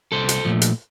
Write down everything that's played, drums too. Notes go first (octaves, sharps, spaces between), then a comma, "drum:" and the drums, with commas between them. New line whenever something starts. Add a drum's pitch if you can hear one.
C2 A4 C5
drum: hi-hat
A#2 F3 A3
drum: hi-hat